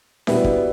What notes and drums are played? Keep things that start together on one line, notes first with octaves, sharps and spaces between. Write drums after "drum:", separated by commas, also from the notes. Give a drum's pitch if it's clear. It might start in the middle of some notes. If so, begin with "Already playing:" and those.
B2 G3 B3 E4, drum: snare D4
drum: kick